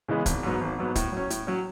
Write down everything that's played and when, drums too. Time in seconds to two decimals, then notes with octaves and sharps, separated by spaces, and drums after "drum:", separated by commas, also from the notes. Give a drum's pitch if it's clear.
0.08 C#3 E3 G#3 B3
0.26 G#1, drum: kick, hi-hat
0.43 G#2 F#3 B3
0.61 G#1
0.79 G#2 F#3 B3
0.95 A2, drum: kick, hi-hat
1.12 F#3 C#4
1.30 A2, drum: hi-hat
1.47 F#3 C#4